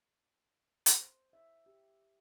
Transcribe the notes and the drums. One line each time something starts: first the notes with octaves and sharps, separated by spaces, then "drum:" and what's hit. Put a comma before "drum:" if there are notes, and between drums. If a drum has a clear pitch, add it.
drum: hi-hat
C5
E5
G4